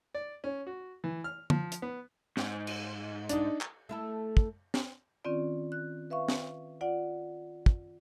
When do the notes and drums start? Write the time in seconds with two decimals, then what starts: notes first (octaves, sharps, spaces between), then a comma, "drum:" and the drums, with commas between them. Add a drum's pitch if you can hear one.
0.15 D5
0.44 C#4
0.67 F#4
1.04 E3
1.24 F6
1.50 F3, drum: tom
1.72 drum: hi-hat
1.82 B3
2.37 G#2, drum: snare
2.67 drum: cymbal
3.29 D4 D#4, drum: hi-hat
3.61 drum: clap
3.89 A3 E4 A4
4.37 drum: kick
4.74 drum: snare
5.24 D#3 C4 C#4 F4 D5
5.72 F#6
6.10 B4 E5 F5 C#6
6.28 drum: snare
6.81 F4 D5 F#5
7.66 drum: kick